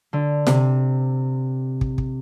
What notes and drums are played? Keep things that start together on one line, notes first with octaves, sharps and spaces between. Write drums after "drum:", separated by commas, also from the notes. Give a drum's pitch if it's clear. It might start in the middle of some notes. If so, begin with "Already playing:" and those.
D3
C3, drum: snare
drum: kick
drum: kick